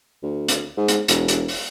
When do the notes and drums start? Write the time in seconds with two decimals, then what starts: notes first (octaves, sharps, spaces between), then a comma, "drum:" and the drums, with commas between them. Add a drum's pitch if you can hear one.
0.23 D2
0.48 drum: hi-hat
0.77 G#2
0.88 drum: hi-hat
1.08 E1, drum: hi-hat
1.28 drum: hi-hat
1.48 drum: open hi-hat